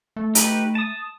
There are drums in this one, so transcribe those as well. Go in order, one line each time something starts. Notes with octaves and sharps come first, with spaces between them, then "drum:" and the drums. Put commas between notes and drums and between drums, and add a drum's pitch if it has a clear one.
A3
D#4 G4 B4, drum: hi-hat
A5 D#6